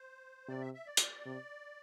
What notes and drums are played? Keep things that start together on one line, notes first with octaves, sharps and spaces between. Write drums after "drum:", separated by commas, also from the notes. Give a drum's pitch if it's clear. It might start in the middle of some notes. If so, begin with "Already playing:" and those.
Already playing: C5
C3 D5
E5
E5
D5
drum: hi-hat
C3